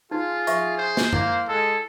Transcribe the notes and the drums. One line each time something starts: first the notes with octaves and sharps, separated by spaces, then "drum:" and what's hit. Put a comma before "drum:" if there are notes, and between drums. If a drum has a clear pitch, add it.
D#4 F4 G#4 F5 C6
E5 C#6, drum: hi-hat
C5
drum: snare
A#3 E4, drum: tom F#2
G#3 A4